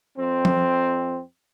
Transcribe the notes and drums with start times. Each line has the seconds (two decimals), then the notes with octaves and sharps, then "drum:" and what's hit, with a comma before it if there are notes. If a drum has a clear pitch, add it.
0.18 F2 C4
0.45 drum: tom F3